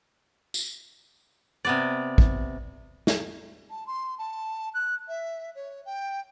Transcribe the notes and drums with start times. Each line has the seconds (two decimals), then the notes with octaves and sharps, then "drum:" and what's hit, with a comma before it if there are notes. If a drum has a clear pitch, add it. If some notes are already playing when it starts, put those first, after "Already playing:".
0.54 drum: tambourine
1.65 C3 B3 D5
2.18 drum: kick
3.07 drum: snare
3.70 A5
3.87 C6
4.18 A5
4.74 F#6
5.08 E5
5.55 C#5
5.86 G5